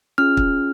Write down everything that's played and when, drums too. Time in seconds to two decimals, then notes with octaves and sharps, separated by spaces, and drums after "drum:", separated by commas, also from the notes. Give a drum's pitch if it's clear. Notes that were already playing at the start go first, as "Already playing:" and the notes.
0.18 C#4 F4 G#4 F6
0.37 drum: kick